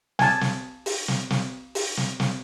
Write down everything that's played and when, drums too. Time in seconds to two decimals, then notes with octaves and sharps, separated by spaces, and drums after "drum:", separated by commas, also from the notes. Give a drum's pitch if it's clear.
0.19 G#5 A5, drum: snare
0.41 drum: snare
0.86 drum: open hi-hat
1.08 drum: snare
1.30 drum: snare
1.75 drum: open hi-hat
1.97 drum: snare
2.20 drum: snare